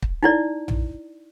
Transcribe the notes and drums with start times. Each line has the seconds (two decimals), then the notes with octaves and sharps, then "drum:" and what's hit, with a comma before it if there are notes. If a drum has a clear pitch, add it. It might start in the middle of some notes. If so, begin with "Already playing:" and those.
0.02 drum: kick
0.23 D#4 E4 D5
0.68 drum: tom A#1